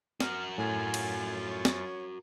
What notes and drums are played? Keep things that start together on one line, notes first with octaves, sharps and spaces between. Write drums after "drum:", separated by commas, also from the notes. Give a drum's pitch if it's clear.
F#4 A#4 F6, drum: snare
F#2 A2 F4 G#5
drum: cymbal
C#5
drum: snare